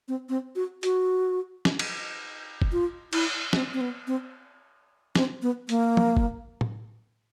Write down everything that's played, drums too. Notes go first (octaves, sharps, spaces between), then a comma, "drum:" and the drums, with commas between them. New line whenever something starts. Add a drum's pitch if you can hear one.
C4
C4
F#4
F#4, drum: hi-hat
drum: snare
drum: cymbal
drum: kick
F4
E4, drum: cymbal
C4, drum: snare
C4
B3
C4
C4, drum: snare
B3
A#3, drum: hi-hat
drum: tom
drum: kick
drum: tom A2